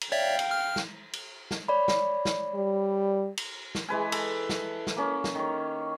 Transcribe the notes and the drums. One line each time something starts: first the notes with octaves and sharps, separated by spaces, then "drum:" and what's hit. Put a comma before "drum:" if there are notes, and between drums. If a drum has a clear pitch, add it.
drum: cymbal
C#5 D5 E5 F5 G5
drum: cymbal
F6
drum: snare
drum: cymbal
drum: snare
C#5 D5 B5
drum: snare
drum: snare
G3
drum: cymbal
drum: snare
E3 G#3 B4 G#5
A4, drum: cymbal
drum: snare
drum: snare
A#3 C#4
drum: snare
D#3 C#5